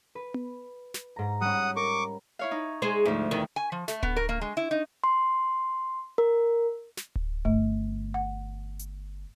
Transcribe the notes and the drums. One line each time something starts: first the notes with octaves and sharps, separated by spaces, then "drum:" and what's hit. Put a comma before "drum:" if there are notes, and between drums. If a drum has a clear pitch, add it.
B4
drum: tom B3
drum: snare
G#2 A#5
G3 C#4 F#5 D#6
A#4 C#6 D6
E4 C#5 F5
D#4
G#3 G#4 C5
D2 G#2 F3
E2 D#3
G#5
F3
A3, drum: snare
B3, drum: kick D1
A#4
A#3
G#3
E4
D#4
C6
A#4
drum: snare
drum: kick D1
G1 A3
F#5
drum: hi-hat